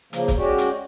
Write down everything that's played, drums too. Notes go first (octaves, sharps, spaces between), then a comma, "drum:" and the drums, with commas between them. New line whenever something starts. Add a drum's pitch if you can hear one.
C#3 F3 A#3, drum: hi-hat
drum: kick, hi-hat
G#3 C#4 F#4 G4 D5
drum: hi-hat